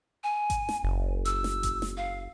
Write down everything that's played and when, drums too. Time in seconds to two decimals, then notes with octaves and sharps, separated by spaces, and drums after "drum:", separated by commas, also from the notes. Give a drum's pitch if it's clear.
0.23 G#5
0.50 drum: kick G#1, hi-hat
0.69 drum: snare
0.84 F#1
1.25 E6, drum: hi-hat
1.44 drum: snare
1.63 drum: kick G#1, hi-hat
1.82 drum: snare
1.97 F5